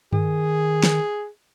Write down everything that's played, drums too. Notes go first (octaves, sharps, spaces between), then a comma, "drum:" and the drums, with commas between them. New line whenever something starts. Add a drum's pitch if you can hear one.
D#3 G#4, drum: tom G2
drum: snare